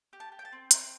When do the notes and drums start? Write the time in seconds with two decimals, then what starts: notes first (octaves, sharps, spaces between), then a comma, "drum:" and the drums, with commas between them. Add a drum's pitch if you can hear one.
0.13 G4
0.20 A5
0.32 G4
0.39 G5
0.45 A5
0.53 C4
0.71 C4 A#5, drum: hi-hat